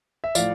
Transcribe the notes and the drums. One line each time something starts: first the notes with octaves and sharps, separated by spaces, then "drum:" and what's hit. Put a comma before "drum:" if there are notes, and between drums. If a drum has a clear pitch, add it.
E5
A2 F3 D5 F5, drum: tambourine